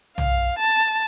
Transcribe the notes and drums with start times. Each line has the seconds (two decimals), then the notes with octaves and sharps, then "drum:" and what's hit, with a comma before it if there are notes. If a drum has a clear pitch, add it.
0.18 F5, drum: tom B1
0.58 A5